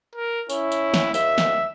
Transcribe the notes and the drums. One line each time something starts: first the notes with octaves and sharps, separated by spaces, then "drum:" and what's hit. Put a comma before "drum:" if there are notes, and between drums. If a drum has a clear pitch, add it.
A#4
C#4 E4, drum: tambourine
drum: tambourine
drum: snare
D#2 E5, drum: tambourine
drum: snare